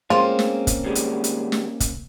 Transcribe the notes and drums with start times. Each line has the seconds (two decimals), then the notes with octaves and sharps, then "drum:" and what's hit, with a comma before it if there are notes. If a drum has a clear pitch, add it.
0.10 G#3 A#3 C4 C#4 F4
0.39 drum: snare
0.67 drum: kick, hi-hat
0.84 D#2 G3 G#3
0.95 drum: hi-hat
1.24 drum: hi-hat
1.52 drum: snare
1.80 drum: kick, hi-hat